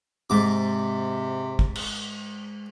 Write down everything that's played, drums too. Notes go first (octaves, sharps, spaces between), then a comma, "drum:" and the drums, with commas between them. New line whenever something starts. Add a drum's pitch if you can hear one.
G#2 C3 D6
drum: kick
drum: cymbal